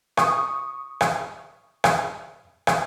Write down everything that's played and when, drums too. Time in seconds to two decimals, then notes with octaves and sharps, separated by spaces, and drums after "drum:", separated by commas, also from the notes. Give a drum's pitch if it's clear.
0.17 C#6 D#6, drum: rim click
1.01 drum: rim click
1.84 drum: rim click
2.67 drum: rim click